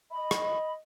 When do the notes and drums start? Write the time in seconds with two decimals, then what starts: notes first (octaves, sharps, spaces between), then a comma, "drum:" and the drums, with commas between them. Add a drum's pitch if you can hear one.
0.12 D#5 B5
0.31 drum: rim click